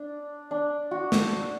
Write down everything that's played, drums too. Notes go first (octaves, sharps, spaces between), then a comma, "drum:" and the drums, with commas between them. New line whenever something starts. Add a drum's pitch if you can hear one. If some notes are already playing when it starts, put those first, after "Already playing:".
Already playing: D4
D4
F#4
drum: snare